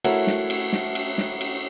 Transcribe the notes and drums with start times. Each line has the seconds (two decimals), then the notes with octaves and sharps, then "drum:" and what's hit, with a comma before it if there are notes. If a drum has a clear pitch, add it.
0.04 A3 E4 F#4 A#4 C#5 F#5, drum: cymbal
0.27 drum: snare
0.50 drum: cymbal
0.73 drum: snare
0.95 drum: cymbal
1.18 drum: snare
1.41 drum: cymbal